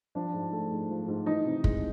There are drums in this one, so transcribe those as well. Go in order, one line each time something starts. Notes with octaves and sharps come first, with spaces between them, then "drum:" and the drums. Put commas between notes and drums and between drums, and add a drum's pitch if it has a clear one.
F3 D4
G#2
A3
G#2
F3
G#2
E3 D#4
C3
G#3, drum: kick